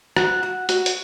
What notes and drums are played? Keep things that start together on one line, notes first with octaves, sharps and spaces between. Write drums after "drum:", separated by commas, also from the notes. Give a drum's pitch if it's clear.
F#4 F#5, drum: rim click
F#4
F#4, drum: hi-hat
drum: hi-hat